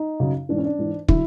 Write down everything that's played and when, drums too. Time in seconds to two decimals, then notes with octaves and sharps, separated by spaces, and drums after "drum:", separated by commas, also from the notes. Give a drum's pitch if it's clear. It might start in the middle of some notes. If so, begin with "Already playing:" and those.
Already playing: D#4
0.20 F#2 C#3 F#3
0.49 G#2 E3 D4
0.58 C#4
0.65 D4
0.79 G#2 E3
1.08 D3 F#3 E4, drum: kick